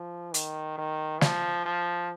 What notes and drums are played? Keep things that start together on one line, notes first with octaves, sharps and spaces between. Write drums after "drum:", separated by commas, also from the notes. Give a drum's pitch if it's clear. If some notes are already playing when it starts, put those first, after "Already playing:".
Already playing: F3
D#3, drum: hi-hat
D#3
F3, drum: snare
F3